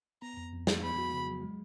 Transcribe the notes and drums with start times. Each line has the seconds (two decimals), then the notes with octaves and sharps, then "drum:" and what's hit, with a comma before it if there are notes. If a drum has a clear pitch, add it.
0.22 B3 A#5
0.37 F2
0.53 F2
0.67 F3, drum: snare
0.83 B3 B5
0.98 F#4
1.13 C#3
1.27 F#3
1.42 G#3